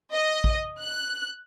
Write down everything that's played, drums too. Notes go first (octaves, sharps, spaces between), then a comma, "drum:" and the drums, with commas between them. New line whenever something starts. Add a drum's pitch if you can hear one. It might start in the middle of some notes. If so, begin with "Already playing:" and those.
D#5
drum: kick A1
F#6